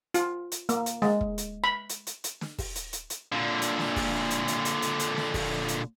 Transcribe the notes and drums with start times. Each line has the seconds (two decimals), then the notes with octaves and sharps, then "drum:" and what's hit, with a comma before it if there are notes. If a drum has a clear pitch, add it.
0.14 F4, drum: hi-hat
0.52 drum: hi-hat
0.69 A#3, drum: hi-hat
0.86 drum: hi-hat
1.02 G#3, drum: snare
1.21 drum: kick
1.38 drum: hi-hat
1.64 B5
1.90 drum: hi-hat
2.07 drum: hi-hat
2.24 drum: hi-hat
2.41 drum: snare
2.58 drum: kick, open hi-hat
2.76 drum: hi-hat
2.93 drum: hi-hat
3.10 drum: hi-hat
3.32 A#2 D3
3.62 drum: hi-hat
3.79 drum: snare
3.96 drum: kick, open hi-hat
4.31 drum: hi-hat
4.48 drum: hi-hat
4.65 drum: hi-hat
4.82 drum: hi-hat
5.00 drum: hi-hat
5.17 drum: snare
5.34 drum: kick, open hi-hat
5.69 drum: hi-hat